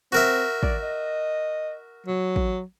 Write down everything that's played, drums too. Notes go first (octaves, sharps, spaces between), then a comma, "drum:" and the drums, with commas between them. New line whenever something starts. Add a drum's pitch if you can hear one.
C4 F#4 A#4 E5
D5, drum: kick
D#5
F#3
drum: kick